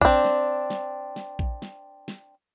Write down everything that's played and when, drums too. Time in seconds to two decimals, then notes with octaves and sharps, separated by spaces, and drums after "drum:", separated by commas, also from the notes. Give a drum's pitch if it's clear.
0.01 C4 D4, drum: kick A#1
0.24 drum: snare
0.70 drum: snare
1.16 drum: snare
1.39 drum: kick A#1
1.62 drum: snare
2.08 drum: snare